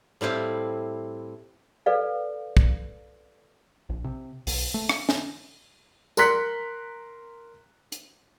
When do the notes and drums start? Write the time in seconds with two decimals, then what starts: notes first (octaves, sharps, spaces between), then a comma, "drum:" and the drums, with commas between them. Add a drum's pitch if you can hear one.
0.21 A2 G3 C4 E4 F5
1.86 A4 B4 D5 F5
2.57 drum: kick
3.90 A#1
4.04 C3
4.47 B1, drum: open hi-hat
4.74 A3
4.89 drum: rim click
5.09 drum: snare
6.17 A#4 A#5 C6 F#6 B6 C#7, drum: tambourine
7.92 drum: hi-hat